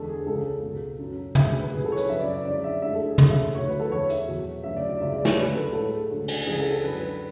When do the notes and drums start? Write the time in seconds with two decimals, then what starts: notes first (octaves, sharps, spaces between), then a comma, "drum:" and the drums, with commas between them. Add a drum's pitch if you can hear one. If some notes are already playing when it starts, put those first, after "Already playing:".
Already playing: E2 D3 G#3 A4
0.09 G#4
0.26 C#2 C#3 G#3 A4
0.63 C#2 B2 G#3
0.99 F#2 C#3 F#3
1.35 D2 C#3 G#3 E5, drum: tom
1.59 B4
1.72 C#2 B2 F#3 G#4
1.85 A4
1.92 C#5
1.97 B4, drum: hi-hat
2.09 F#2 C#3 F#3 E5
2.21 D5
2.33 D5
2.45 F#2 D3 G#3 D5
2.64 E5
2.82 D2 D3 G#3 E5
2.94 A4
3.06 G#4
3.18 F#2 C#3 G#3 A4, drum: tom
3.30 E5
3.54 D2 D3 F#3 C#5
3.67 B4
3.79 A4
3.91 E2 D3 G#3 C#5
4.10 E5, drum: hi-hat
4.27 E2 B2 F#3
4.64 D2 C#3 F#3 E5
4.76 D5
4.89 D5
5.00 C#2 B2 G#3 E5
5.13 D5
5.25 C#5, drum: snare
5.37 D2 C#3 F#3 B4
5.55 A4
5.73 A2 G#3 A4
6.10 D2 C#3 G#3
6.28 drum: cymbal
6.46 C#2 C#3 E3 G#3 G#4
6.58 A4
6.71 A4
6.84 F#2 D3 F#3 B4